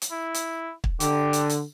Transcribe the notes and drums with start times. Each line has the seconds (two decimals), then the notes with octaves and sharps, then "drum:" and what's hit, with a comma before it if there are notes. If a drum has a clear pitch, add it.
0.02 drum: hi-hat
0.11 E4
0.34 drum: hi-hat
0.84 drum: kick
1.00 D3 G4, drum: hi-hat
1.33 drum: hi-hat
1.49 drum: hi-hat